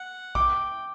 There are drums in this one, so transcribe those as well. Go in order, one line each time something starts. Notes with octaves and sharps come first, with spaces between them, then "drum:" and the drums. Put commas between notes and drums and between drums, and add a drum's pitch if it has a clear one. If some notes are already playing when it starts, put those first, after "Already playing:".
Already playing: F#5
G5 D6, drum: kick A#1